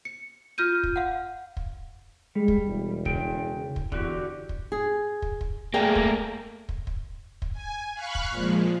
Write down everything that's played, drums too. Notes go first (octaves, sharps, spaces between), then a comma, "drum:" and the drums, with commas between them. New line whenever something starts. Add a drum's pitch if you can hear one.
C#7
F4 F6 G6 D#7
drum: kick
F5 F#5
drum: kick
G3 G#3
drum: kick
E1
C#3 G5, drum: kick
drum: kick
E2 D3 F#4 G4, drum: kick
drum: kick
G#4
drum: kick
drum: kick
A3 A#3 G#4 D5 G5
drum: kick
drum: kick
drum: kick
drum: kick
G#5
F5 B5 C#6 F#6
drum: kick
A#2 F3 G#3